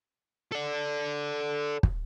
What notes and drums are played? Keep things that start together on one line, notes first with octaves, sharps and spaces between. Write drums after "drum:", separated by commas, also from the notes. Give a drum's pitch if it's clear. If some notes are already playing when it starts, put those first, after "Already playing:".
A4 D5
drum: kick